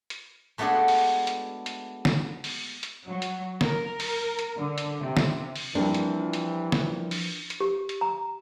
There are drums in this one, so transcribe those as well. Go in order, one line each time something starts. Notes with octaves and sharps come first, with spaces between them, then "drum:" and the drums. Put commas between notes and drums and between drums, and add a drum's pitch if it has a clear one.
drum: hi-hat
G#3 A3 B3 D4 F#4 G#4
drum: open hi-hat
drum: hi-hat
drum: hi-hat
drum: snare
drum: open hi-hat
drum: hi-hat
F#3
drum: hi-hat
A#4, drum: snare
drum: open hi-hat
drum: hi-hat
D3
drum: hi-hat
C3
drum: snare
drum: open hi-hat
E3 F3 G3 A#3 C4 D4
drum: hi-hat
drum: hi-hat
drum: snare
drum: open hi-hat
drum: hi-hat
G4
drum: hi-hat
A#5